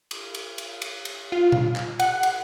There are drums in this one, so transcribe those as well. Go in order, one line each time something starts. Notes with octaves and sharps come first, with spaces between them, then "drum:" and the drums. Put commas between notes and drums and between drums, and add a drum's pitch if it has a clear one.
drum: cymbal
drum: cymbal
drum: cymbal
drum: cymbal
drum: cymbal
F4
drum: tom A#2
drum: clap
F#5, drum: cymbal
drum: cymbal